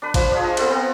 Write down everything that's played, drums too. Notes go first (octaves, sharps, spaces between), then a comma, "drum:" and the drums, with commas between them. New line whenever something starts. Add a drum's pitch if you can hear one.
D4 B4
F3, drum: kick A1, cymbal
D4 F4 G#4
D#5 C#6
B3 C4 A4 B4, drum: cymbal
B3 C4 A4